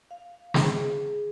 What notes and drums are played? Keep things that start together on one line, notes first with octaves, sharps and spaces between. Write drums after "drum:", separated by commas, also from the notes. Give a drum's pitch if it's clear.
F5
G#4, drum: snare